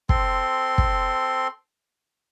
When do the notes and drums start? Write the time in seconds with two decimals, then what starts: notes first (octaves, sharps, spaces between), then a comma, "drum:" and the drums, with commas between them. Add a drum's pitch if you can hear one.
0.09 C4 A4 C6, drum: kick
0.78 drum: kick